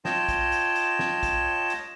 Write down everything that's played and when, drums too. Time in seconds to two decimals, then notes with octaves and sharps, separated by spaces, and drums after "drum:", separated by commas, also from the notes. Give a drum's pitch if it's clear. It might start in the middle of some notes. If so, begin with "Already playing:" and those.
0.05 F4 C#5 D#5 G5 A5, drum: snare
0.29 drum: kick, hi-hat
0.52 drum: hi-hat
0.76 drum: hi-hat
0.99 drum: snare
1.23 drum: kick, hi-hat
1.70 drum: hi-hat